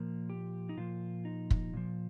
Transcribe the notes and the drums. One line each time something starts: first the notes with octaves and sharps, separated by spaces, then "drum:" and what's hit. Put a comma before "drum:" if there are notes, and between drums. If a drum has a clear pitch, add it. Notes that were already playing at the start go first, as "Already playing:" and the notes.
Already playing: A#2 F3 A#3
G4
D#4
A#2 F3 F4
D#4
drum: kick
A#2 F3